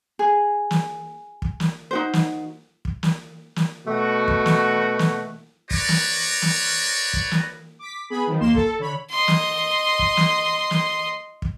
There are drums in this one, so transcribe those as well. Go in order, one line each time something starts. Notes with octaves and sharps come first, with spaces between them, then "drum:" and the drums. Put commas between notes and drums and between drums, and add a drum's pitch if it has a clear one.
G#4
drum: snare
drum: kick
drum: snare
D#4 F#4 C5
drum: snare
drum: kick
drum: snare
drum: snare
B2 A3 F#4
drum: kick
drum: snare
drum: snare
F#4 A#4 B4 C#5 D5, drum: kick
drum: snare
drum: snare
drum: kick
drum: snare
D6 B6
B3 G#4 B5
D#3 F3
D#2 A#3 C6 E7
A4, drum: kick
D3 C#5 B5
D#5 C6
drum: snare
drum: kick
drum: snare
drum: snare
drum: kick